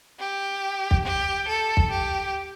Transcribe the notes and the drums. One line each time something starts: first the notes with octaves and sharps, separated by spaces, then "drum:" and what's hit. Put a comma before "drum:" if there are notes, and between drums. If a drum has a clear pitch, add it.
G4
drum: kick
G4
A4
drum: kick
G4